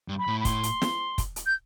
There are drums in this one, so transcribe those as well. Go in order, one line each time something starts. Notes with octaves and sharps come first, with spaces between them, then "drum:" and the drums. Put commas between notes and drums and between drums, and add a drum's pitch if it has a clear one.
G2
B5
A2
B5
C6, drum: kick, hi-hat
drum: hi-hat
drum: snare
drum: kick, hi-hat
drum: hi-hat
G6